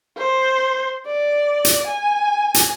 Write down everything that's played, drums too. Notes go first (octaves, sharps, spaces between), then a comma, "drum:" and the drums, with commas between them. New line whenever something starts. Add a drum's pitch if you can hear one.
C5
D5
drum: hi-hat
G#5
drum: hi-hat